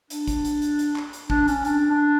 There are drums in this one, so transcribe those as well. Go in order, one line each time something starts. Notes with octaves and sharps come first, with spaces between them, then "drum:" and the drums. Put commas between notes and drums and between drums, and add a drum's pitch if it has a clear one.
D4, drum: hi-hat
drum: kick, hi-hat
drum: hi-hat
drum: hi-hat
drum: hi-hat
drum: clap
drum: hi-hat
D4, drum: kick
C#4, drum: hi-hat
D4, drum: hi-hat
D4